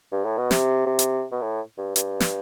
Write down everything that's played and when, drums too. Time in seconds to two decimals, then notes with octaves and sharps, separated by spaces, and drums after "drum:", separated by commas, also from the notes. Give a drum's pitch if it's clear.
0.11 G2
0.25 A2
0.38 B2
0.51 C3, drum: snare
0.86 C3
0.99 drum: hi-hat
1.32 B2
1.41 A2
1.78 G2
1.96 G2, drum: hi-hat
2.20 drum: snare